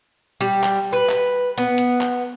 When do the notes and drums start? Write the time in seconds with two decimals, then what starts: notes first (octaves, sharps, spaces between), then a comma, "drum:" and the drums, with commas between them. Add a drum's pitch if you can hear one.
0.41 G3, drum: hi-hat
0.63 drum: clap
0.93 B4
1.09 drum: clap
1.58 B3, drum: hi-hat
1.78 drum: hi-hat
2.01 drum: clap